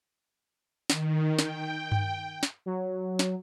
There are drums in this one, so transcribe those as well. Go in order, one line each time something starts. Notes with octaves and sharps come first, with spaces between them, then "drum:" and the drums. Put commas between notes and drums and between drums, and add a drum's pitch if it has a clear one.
D#3, drum: snare
G5, drum: snare
drum: tom G2
drum: snare
F#3
drum: snare